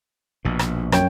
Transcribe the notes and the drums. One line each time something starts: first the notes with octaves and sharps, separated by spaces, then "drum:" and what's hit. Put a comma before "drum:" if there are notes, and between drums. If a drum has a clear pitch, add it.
A#1 B2
drum: rim click
F#2 C#5 G5, drum: rim click